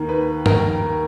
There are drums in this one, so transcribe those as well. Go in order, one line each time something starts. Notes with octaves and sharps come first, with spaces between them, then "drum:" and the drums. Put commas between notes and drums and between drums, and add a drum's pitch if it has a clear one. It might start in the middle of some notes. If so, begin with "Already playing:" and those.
Already playing: D#2 D#3 A#3
B4
D#2 D#3 A#3 A#4, drum: tom G2